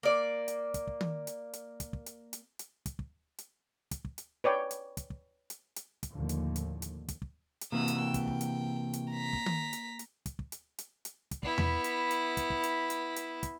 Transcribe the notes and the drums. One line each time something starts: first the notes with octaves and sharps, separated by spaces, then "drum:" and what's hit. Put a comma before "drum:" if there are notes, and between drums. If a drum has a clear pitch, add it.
A#3 D5
drum: hi-hat
drum: kick, hi-hat
drum: kick
drum: tom D#3
drum: hi-hat
drum: hi-hat
drum: kick, hi-hat
drum: kick
drum: hi-hat
drum: hi-hat
drum: hi-hat
drum: kick, hi-hat
drum: kick
drum: hi-hat
drum: kick, hi-hat
drum: kick
drum: hi-hat
B4 C#5 D5 G5
drum: hi-hat
drum: kick, hi-hat
drum: kick
drum: hi-hat
drum: hi-hat
drum: kick, hi-hat
D#2 A2 D3 F3
drum: hi-hat
drum: hi-hat
drum: hi-hat
drum: kick, hi-hat
drum: kick
drum: hi-hat
C3 E3 A#3 F#4 D#6 E6
drum: hi-hat
G5
drum: kick, hi-hat
drum: kick
drum: hi-hat
drum: hi-hat
A#5 B6
drum: kick
drum: tom D#3
drum: hi-hat
drum: hi-hat
drum: kick, hi-hat
drum: kick
drum: hi-hat
drum: hi-hat
drum: hi-hat
drum: kick, hi-hat
B3 E4, drum: kick
drum: tom E2
drum: hi-hat
drum: hi-hat
drum: kick, hi-hat
drum: kick
drum: hi-hat
drum: hi-hat
drum: hi-hat
drum: kick, hi-hat